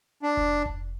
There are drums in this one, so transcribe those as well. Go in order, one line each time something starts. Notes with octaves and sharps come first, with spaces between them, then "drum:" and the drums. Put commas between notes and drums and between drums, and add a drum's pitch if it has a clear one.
D4
drum: kick F1
drum: kick F1